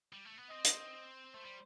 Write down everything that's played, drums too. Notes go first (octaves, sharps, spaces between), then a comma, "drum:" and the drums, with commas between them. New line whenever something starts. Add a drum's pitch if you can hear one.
G3
A3
B3
C4 D#5
drum: hi-hat
A3 C5
G3